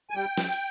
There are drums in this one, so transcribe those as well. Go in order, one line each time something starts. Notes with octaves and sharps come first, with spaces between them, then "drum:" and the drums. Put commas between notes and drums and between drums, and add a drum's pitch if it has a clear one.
G#5
G3 G5
drum: snare
drum: cymbal